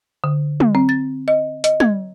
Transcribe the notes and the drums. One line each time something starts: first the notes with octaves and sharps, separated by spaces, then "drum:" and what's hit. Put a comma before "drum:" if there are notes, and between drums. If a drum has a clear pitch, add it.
D3
drum: tom
C4
A6
D#5
D#5, drum: hi-hat
G#6, drum: tom